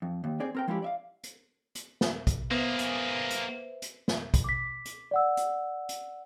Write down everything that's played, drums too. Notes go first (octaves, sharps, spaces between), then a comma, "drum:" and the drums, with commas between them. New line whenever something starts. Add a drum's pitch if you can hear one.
F2
D#2
C4 G#4 D5
C4 A#4 G5
F3 G#3 C#4 E4 F4 G4
D5 E5 F5
drum: hi-hat
drum: hi-hat
drum: snare
drum: kick, hi-hat
A#3 B3 G#4 B4 C5 E5
drum: hi-hat
drum: hi-hat
drum: hi-hat
drum: snare
drum: kick, hi-hat
D6 B6
drum: hi-hat
D5 F#5 E6
drum: hi-hat
drum: hi-hat